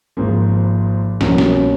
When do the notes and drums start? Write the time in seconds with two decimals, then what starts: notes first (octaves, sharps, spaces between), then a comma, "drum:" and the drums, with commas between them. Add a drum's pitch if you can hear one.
0.17 G#1 G#2 F3 A#3
1.21 C2 B2 F#3 A#3 C#4, drum: snare
1.38 drum: snare